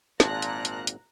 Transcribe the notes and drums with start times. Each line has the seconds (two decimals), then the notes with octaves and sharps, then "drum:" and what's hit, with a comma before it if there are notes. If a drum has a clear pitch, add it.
0.20 G#1 A#2 A5 A#5 F#6 A#6, drum: snare
0.42 drum: hi-hat
0.65 drum: hi-hat
0.87 drum: hi-hat